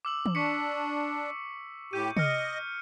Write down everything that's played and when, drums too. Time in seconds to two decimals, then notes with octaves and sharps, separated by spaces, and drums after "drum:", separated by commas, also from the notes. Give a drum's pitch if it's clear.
0.05 D6 E6 F#7
0.26 drum: tom
0.35 D4 C#6 B6 C#7
1.93 A2 G4 G6 D#7
2.17 D#5 F6 C#7, drum: tom